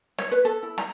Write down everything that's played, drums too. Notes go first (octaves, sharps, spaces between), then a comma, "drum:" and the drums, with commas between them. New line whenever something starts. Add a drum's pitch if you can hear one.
C#5, drum: snare
B4, drum: hi-hat
A4, drum: hi-hat
E4
A#5, drum: snare